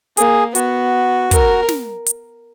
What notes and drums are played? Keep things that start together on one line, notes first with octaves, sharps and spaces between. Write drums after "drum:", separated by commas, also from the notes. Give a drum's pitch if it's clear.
A#3 G#4, drum: hi-hat
B3 F#4, drum: hi-hat
A#4, drum: kick, hi-hat
drum: snare
drum: hi-hat